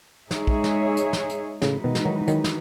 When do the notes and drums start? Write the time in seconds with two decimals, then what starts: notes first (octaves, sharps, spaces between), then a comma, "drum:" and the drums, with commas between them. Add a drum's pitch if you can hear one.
0.31 G#3 D#4 G#4 C#5 E5, drum: snare
0.47 drum: kick
0.64 drum: snare
0.97 drum: hi-hat
1.13 drum: snare
1.29 drum: hi-hat
1.62 A2 C#3 E3 G#3 D#4 F#4 B4, drum: snare
1.84 B2 D#3
1.95 drum: snare
2.05 D#3 F#3
2.27 D#3 F#3, drum: hi-hat
2.44 drum: snare